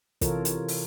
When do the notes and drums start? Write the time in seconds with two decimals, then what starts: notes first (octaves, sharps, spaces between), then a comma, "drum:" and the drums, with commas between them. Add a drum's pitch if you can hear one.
0.21 C3 E3 F4 A4 A#4 C#5, drum: kick, hi-hat
0.45 drum: hi-hat
0.68 drum: open hi-hat